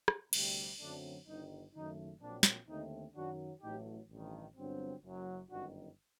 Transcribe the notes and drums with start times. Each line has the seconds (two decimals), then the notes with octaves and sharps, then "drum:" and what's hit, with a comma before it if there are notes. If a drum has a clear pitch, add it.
0.08 drum: rim click
0.33 D2 C3 G3, drum: cymbal
0.80 F#2 D3 F#3 A3 C4 D4
1.27 G1 G2 D#3 D#4
1.74 F#1 F#2 D#3 A3 D#4
2.21 A#1 A#2 F#3 C4 D4
2.43 drum: snare
2.68 D#2 D3 A3 C4 D#4
3.14 F#2 D#3 F#3 D4 F#4
3.62 A1 A2 F#3 A3 D#4 G4
4.09 A1 G2 D#3
4.56 G1 G2 D3 F#3 C4
5.03 F#1 F#2 F#3
5.50 G1 F#2 D#3 D4 F#4